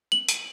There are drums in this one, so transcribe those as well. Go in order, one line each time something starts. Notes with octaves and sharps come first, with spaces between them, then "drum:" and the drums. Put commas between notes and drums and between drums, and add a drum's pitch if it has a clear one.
F#7
drum: hi-hat